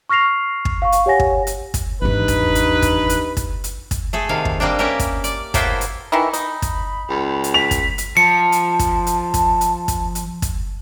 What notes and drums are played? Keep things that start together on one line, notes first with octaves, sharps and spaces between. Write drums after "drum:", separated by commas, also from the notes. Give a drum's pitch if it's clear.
C#6 F6 A#6 C7 F7
drum: kick
F5 C#6
drum: hi-hat
G4 C#5 F#5 G#5 A#6
drum: kick
drum: hi-hat
drum: kick, hi-hat
G#1 E2 G2 D#4 B4
drum: kick, hi-hat
drum: hi-hat
drum: kick, hi-hat
drum: hi-hat
drum: kick, hi-hat
drum: hi-hat
drum: kick, hi-hat
A3 G#4 A4
C3 D#3 F5
drum: kick
G3 A#3 C4 D4
A#3 C#4 G4 A#4 E5
drum: kick, hi-hat
D5, drum: hi-hat
A2 A#3 B3 E4 C5 G5, drum: kick, hi-hat
drum: hi-hat
D#3 E3 E4
D#4 B5, drum: hi-hat
drum: kick, hi-hat
C#2
drum: hi-hat
B6 F7
drum: kick, hi-hat
drum: hi-hat
F3 A5 C#7
drum: hi-hat
drum: kick, hi-hat
drum: hi-hat
drum: kick, hi-hat
drum: hi-hat
drum: kick, hi-hat
drum: hi-hat
drum: kick, hi-hat